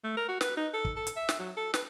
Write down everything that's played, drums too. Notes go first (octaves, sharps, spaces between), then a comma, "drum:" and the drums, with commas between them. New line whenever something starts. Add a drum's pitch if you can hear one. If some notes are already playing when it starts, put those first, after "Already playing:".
A3
A#4
F#4
B4, drum: snare
D#4
A4
drum: kick
A4
drum: hi-hat
E5
drum: snare
F#3
A4
B4, drum: snare